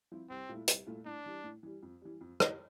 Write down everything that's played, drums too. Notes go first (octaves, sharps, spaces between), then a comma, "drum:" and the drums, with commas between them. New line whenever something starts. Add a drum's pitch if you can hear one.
F3 C4 E4
C2 C4
A#2 A3 E4
C2, drum: hi-hat
A#2 A3 E4
A2 D4
E3 G3
A2
E3 G3
F2
E3 G3
F2
E3 G3, drum: rim click